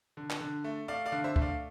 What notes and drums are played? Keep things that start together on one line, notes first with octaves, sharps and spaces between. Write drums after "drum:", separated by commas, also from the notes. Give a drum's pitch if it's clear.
D3
drum: clap
D3
A3
A3 D5 F5
D5 F5
D3
C5 E5
A3, drum: kick C#2
D5 F5